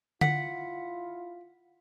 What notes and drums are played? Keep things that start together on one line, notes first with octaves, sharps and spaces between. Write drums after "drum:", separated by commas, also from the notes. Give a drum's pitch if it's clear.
E4 F4 F#5 B6, drum: tom D3